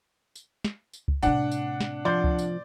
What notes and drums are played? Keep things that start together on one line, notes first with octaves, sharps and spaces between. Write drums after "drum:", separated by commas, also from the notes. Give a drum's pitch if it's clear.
drum: tambourine
drum: snare
drum: tambourine
drum: kick C#2
A2 C3 D4 F#5, drum: tambourine
drum: tambourine
drum: snare
F3 D5 C6 G6
drum: kick C#2
drum: tambourine